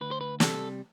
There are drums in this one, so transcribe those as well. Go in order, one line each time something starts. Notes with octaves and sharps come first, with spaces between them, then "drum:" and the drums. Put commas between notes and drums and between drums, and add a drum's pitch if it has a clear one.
D2 B4
C5
B4
C3 G3 A4, drum: snare